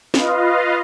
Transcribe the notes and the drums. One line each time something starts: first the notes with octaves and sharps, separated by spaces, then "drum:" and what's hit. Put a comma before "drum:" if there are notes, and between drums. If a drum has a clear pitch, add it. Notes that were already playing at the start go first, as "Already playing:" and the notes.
F4 B4 D#5 F5, drum: snare